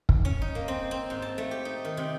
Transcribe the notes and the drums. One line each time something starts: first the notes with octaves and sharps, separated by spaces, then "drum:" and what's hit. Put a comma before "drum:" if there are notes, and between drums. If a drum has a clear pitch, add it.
drum: kick
C#4
D#4
A#3
C4
C4
G#2
A5
A3
G4
D#4
D#3
C3